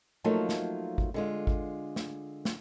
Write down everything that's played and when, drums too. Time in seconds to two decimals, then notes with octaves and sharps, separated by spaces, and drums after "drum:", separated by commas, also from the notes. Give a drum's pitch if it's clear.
0.24 F3 F#3 A3 A#3 D#4 F4
0.49 drum: snare
0.98 drum: kick G#1
1.14 D3 G#3 F4
1.47 drum: kick G#1
1.96 drum: snare
2.45 drum: snare